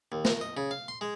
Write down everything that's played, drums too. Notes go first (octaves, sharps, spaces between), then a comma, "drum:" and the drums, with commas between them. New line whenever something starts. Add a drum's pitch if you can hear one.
D#2
A#4, drum: snare
D#5
C#3
F5
C6
G#3